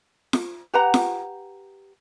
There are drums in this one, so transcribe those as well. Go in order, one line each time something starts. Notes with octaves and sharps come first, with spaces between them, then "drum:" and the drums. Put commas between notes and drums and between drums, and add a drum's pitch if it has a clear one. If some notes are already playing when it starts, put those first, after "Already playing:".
drum: snare
G4 B4 F#5 A#5
drum: snare